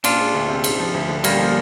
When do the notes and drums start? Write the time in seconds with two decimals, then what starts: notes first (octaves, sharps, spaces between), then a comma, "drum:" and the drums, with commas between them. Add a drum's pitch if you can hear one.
0.04 A#2 D4 F4, drum: cymbal
0.19 G#3
0.35 D2
0.49 C3
0.64 G#2, drum: cymbal
0.80 F3
0.94 D2
1.09 D3
1.24 A#2 G3 A#3, drum: cymbal
1.39 F3